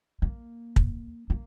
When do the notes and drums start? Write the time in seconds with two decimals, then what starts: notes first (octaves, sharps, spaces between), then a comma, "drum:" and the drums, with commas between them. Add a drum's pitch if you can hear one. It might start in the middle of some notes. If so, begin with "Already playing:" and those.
0.22 A#3
0.76 drum: kick
1.30 A#3